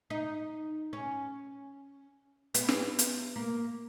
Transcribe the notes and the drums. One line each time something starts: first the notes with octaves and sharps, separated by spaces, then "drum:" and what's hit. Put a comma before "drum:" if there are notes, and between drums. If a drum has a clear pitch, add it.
D#4
C#4
B3, drum: hi-hat
drum: snare
drum: hi-hat
A#3